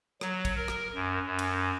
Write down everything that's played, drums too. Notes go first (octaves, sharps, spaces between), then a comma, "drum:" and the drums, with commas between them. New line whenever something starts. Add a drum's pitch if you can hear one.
F#3, drum: rim click
drum: kick, cymbal
A#4
drum: rim click
F#2
F#2
drum: cymbal